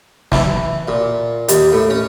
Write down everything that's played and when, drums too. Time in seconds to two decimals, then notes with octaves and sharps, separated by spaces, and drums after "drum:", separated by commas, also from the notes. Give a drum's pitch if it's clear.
0.32 E3, drum: snare
0.88 A#2
1.48 D#2, drum: hi-hat
1.72 A2
1.90 C#4